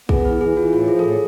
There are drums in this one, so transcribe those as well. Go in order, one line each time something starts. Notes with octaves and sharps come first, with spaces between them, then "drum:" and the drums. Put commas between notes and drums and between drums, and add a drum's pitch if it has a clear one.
B3 G#4, drum: kick
E3 B4
E3 G#4
E3 F4
A2 F4
F3 G#4
A4
A2 G#4